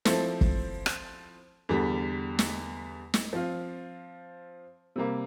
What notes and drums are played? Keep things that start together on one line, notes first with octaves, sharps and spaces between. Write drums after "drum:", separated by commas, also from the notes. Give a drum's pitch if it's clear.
F3 C4 E4 A4 C5, drum: snare
drum: kick
drum: rim click
E2 D3 G3
drum: snare
drum: snare
F3 C4 F4
C3 G3 A#3